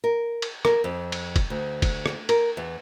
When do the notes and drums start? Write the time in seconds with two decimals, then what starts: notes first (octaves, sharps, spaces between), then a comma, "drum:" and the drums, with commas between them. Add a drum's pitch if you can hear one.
0.04 A#4
0.42 drum: cymbal
0.65 A#4, drum: rim click
0.84 F2
1.12 drum: cymbal
1.36 drum: kick, cymbal
1.50 D2
1.82 drum: kick, cymbal
2.06 drum: rim click
2.29 A#4, drum: cymbal
2.57 E2